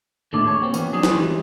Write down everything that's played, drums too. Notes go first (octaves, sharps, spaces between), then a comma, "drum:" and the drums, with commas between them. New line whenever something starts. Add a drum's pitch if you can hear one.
D#2 A2 G#3 A3 D4 D5
G#4 C5 C#5
A#3 C4 F#4
E3 B3 C#4, drum: tambourine
F3 F#3 C#4 D4 G#4
drum: snare
E3 G3 G#3